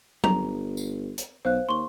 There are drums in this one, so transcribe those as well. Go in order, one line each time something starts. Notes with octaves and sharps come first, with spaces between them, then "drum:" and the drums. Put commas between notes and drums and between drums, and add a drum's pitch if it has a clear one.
G1 A#5, drum: tom F#3
drum: tambourine
drum: hi-hat
B1 C5 F5 F#6
D#2 C6 C#6 G7